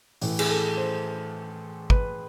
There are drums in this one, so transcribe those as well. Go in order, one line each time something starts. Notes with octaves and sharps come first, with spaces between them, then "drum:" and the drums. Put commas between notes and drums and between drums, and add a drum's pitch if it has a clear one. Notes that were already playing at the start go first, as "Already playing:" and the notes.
A2 E3, drum: open hi-hat
G#4, drum: cymbal
A4
C5
B4, drum: kick